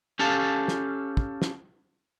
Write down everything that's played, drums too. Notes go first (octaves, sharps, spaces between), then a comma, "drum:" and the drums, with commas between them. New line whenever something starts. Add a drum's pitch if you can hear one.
C#4 G4 A4 F5 A5
drum: snare
drum: kick
drum: snare